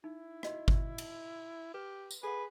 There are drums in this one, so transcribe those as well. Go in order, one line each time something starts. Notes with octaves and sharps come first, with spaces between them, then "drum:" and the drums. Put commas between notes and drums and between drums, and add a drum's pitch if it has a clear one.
D#4 E4
F#4 D#5, drum: rim click
drum: kick G1
drum: cymbal
G4 B4
drum: tambourine
G#4 A4 B4 F#5